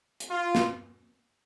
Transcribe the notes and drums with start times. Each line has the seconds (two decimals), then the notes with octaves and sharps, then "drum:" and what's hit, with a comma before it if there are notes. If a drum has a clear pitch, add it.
0.20 drum: hi-hat
0.30 F4
0.55 drum: snare